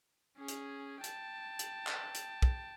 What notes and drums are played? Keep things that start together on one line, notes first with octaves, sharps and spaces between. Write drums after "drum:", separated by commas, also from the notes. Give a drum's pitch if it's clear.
C#4 G#4
drum: hi-hat
G5 A5, drum: hi-hat
drum: hi-hat
drum: clap
drum: hi-hat
drum: kick